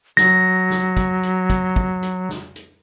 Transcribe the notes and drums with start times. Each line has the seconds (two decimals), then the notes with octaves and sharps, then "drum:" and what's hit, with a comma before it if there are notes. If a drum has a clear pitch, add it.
0.17 F#3 A#6, drum: snare
0.70 drum: snare
0.97 drum: kick, hi-hat
1.23 drum: hi-hat
1.50 drum: kick, hi-hat
1.76 drum: kick
2.03 drum: hi-hat
2.29 drum: snare
2.56 drum: hi-hat